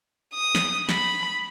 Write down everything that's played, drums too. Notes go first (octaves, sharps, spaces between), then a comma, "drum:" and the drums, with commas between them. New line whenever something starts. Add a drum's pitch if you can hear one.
D#6
drum: snare
B5, drum: snare